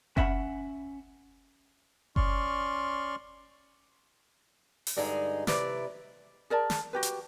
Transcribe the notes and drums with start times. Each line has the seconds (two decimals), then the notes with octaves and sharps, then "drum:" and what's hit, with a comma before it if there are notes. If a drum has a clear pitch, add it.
0.17 C#4 E5 F#5 B5, drum: kick F#1
2.16 C#4 D5 C6 C#6 F6, drum: kick F#1
4.87 drum: open hi-hat
4.96 G2 D3 G#3 D#4 G#4
5.47 C3 E4 B4 D5, drum: snare
6.50 G#4 A#4 D5 A5
6.70 drum: snare
6.93 F#4 G4 B4
7.03 drum: hi-hat